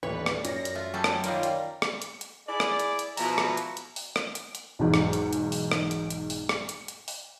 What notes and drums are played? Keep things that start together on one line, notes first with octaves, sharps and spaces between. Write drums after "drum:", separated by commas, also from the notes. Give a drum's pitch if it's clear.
D#1 A1 A#4 B4 C#5 D5
drum: rim click
F#2 A#6, drum: hi-hat
drum: hi-hat
A3 F4
F#3 G3 C#4 A4 A5
drum: rim click
D#3 G3 A#3 F4 C#5 D5 F5, drum: hi-hat
drum: hi-hat
drum: rim click
drum: hi-hat
drum: hi-hat
E4 G#4 D5
drum: rim click
drum: hi-hat
drum: hi-hat
B2 F3 B3 E4 A#5, drum: open hi-hat
drum: rim click
drum: hi-hat
drum: hi-hat
drum: open hi-hat
drum: rim click
drum: hi-hat
drum: hi-hat
B1 E2 G#2
drum: rim click
drum: hi-hat
drum: hi-hat
drum: open hi-hat
drum: rim click
drum: hi-hat
drum: hi-hat
drum: open hi-hat
drum: rim click
drum: hi-hat
drum: hi-hat
drum: open hi-hat